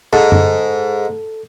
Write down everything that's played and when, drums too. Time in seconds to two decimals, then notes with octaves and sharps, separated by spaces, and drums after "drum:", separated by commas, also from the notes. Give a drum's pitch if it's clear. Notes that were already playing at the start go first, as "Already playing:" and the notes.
0.13 G#2 A4
0.32 drum: tom F#2